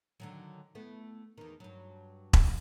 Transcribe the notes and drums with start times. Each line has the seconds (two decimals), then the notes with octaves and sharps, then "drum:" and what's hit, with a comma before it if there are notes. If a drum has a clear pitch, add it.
0.20 D3 D#3 F#3
0.75 A3 B3 E4
1.38 E2 D#3
1.60 G2 F#3
2.33 drum: kick E1